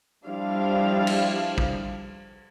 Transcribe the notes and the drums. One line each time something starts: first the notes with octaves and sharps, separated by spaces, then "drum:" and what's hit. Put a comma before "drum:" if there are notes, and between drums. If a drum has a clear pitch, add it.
F3 G3 D4 E4 F5
drum: cymbal
drum: kick